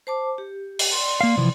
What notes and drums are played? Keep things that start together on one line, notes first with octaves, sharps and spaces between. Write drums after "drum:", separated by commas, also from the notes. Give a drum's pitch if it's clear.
C5 A5 D6
G4
drum: open hi-hat
D5 C6
A#3 F5
C3 E3 F3